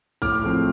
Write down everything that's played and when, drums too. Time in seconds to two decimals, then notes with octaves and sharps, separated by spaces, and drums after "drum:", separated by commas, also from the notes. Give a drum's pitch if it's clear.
0.22 A2 D6 F6, drum: kick, tambourine
0.43 F3 A3 C4